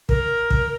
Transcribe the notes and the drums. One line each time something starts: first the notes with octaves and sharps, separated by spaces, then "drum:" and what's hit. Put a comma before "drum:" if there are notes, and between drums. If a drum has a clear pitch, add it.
A#4, drum: kick
drum: kick